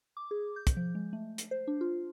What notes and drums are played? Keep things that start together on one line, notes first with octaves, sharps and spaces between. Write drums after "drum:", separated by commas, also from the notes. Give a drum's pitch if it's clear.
D6
G#4
G6
drum: kick, hi-hat
F3
G#3
A3
drum: hi-hat
C5
D4
F4